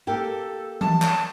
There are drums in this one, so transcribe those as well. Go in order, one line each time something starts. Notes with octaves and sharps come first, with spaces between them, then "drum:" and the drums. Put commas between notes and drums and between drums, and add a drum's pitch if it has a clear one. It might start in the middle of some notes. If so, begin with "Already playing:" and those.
A#3 G4 A4
A5, drum: tom E3
drum: clap